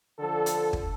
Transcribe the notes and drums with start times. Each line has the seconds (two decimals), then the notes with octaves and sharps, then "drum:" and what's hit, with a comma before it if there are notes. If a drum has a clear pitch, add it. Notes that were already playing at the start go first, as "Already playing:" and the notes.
0.19 D3 F3 A4
0.46 drum: hi-hat
0.73 drum: kick